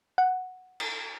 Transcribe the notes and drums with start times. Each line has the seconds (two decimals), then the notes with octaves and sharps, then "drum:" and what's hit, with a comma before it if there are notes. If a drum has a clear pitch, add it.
0.18 F#5
0.80 drum: cymbal